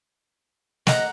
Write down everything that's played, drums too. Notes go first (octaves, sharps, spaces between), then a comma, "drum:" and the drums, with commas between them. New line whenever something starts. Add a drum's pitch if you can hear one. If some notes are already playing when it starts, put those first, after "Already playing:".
D#5 F#5 A#5, drum: snare